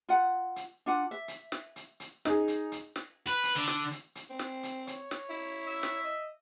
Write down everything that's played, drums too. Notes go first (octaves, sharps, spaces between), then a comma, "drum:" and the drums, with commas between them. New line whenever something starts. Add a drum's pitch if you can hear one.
F4 F#5
drum: hi-hat
D4 F4 F#5
E5
drum: hi-hat
drum: snare
drum: hi-hat
drum: hi-hat
D#4 G#4, drum: snare
drum: hi-hat
drum: hi-hat
drum: snare
B4
drum: hi-hat
D3
drum: snare
drum: hi-hat
drum: hi-hat
C4
drum: snare
drum: hi-hat
C#5, drum: hi-hat
drum: snare
E4
E5
drum: snare
D#5